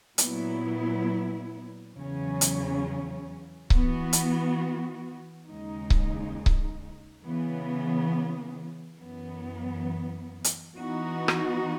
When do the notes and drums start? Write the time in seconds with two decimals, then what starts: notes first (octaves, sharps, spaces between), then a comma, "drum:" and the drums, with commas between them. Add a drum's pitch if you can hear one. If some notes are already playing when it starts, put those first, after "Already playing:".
0.18 A#2 F#3 B3 E4, drum: hi-hat
1.95 E2 C#3 F#3 C#4
2.41 drum: hi-hat
3.70 E3 B3 F#4, drum: kick C#1
4.13 drum: hi-hat
5.46 D#2 C#3 G#3 D#4
5.90 drum: kick C#1
6.46 drum: kick C#1
7.24 C#3 E3 B3
8.99 F#2 E3 B3
10.44 drum: hi-hat
10.75 E3 B3 D#4 F#4
11.28 drum: rim click